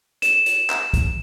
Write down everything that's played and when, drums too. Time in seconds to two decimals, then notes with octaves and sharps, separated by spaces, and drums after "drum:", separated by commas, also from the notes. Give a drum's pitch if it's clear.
0.22 E7, drum: hi-hat
0.46 drum: hi-hat
0.70 drum: clap
0.94 drum: kick, hi-hat